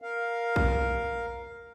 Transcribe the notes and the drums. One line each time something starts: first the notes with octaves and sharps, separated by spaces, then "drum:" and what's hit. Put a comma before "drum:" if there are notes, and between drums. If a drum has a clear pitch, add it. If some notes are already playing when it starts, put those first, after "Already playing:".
A#4 F5
drum: kick